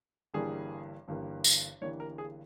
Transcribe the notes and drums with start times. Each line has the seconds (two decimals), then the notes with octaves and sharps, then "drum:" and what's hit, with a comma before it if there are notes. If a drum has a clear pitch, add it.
0.34 G1 G2 E3 G3 A#3 G#4
1.08 G1 G2 E3 G3 A#3
1.44 drum: tambourine
1.81 G1 G2 E3 G3 A#3 C#5
2.00 A#4
2.18 G#4